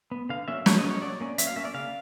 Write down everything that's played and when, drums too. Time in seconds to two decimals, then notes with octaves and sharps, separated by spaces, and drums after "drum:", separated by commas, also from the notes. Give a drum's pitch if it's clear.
0.11 B3
0.29 D3 F5
0.48 F#3 A#3 C#4 E5
0.66 D3 C#5, drum: snare
0.78 D#5
0.84 F#3 A#3 C#4
0.90 C#5
1.02 F#3 D5
1.20 A#3 C#4
1.38 F#3 E5, drum: hi-hat
1.47 F5
1.56 A#3 C#4 E5
1.65 D5
1.74 C#3 F5